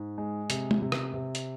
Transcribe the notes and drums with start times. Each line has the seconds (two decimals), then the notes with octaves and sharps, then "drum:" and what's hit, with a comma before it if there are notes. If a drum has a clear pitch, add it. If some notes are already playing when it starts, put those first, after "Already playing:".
Already playing: G#2
0.18 G#3
0.50 C3, drum: hi-hat
0.71 drum: tom
0.82 C3
0.92 drum: rim click
1.14 C3
1.35 drum: hi-hat